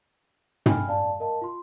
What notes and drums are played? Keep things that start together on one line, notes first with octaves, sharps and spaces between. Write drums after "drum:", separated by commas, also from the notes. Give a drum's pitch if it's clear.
G5 G#5 B5 F6, drum: tom
D5 F5 A5
A#4 D#5 F5 A5
F4 C6